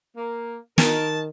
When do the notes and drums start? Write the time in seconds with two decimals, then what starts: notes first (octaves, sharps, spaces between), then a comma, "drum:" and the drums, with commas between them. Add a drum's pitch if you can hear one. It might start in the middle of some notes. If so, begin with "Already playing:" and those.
0.17 A#3
0.78 D#3 D#4 A#4 A5, drum: snare